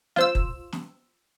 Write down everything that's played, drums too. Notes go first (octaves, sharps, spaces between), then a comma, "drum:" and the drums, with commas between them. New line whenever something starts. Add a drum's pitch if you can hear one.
F4 C5 E6, drum: snare
drum: kick
drum: snare